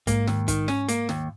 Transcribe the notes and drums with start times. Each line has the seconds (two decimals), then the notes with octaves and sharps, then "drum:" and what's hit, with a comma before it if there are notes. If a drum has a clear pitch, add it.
0.07 G#2 A#3, drum: kick, hi-hat
0.27 D#2, drum: snare
0.48 D#3, drum: kick, hi-hat
0.68 C#4, drum: snare
0.89 A#3, drum: hi-hat
1.09 D#2, drum: snare